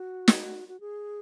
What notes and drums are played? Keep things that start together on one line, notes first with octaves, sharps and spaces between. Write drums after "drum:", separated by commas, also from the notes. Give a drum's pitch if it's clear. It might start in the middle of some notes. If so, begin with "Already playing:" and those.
Already playing: F#4
drum: snare
F#4
G#4